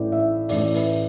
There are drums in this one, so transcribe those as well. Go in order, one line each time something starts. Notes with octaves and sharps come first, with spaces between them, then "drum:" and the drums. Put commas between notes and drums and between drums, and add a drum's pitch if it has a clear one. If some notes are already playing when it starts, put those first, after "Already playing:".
Already playing: A1 A2 E3 D5
E5
A1 A2 E3 D5, drum: open hi-hat
B4, drum: open hi-hat